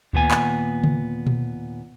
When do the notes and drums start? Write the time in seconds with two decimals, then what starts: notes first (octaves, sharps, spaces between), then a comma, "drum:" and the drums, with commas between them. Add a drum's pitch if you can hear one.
0.13 D#2 A#2 B3 G#5, drum: kick D2
0.31 drum: clap
0.84 drum: tom C#3
1.27 drum: tom A#2